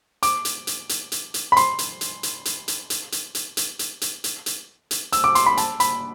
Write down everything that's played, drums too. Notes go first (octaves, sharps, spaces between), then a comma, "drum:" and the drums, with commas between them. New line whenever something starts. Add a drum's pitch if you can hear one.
D6, drum: hi-hat
drum: hi-hat
drum: hi-hat
drum: hi-hat
drum: hi-hat
drum: hi-hat
B5
C6, drum: hi-hat
drum: hi-hat
drum: hi-hat
drum: hi-hat
drum: hi-hat
drum: hi-hat
drum: hi-hat
drum: hi-hat
drum: hi-hat
drum: hi-hat
drum: hi-hat
drum: hi-hat
drum: hi-hat
drum: hi-hat
drum: hi-hat
E6, drum: hi-hat
D6
C6, drum: hi-hat
B5
A5, drum: hi-hat
B5, drum: hi-hat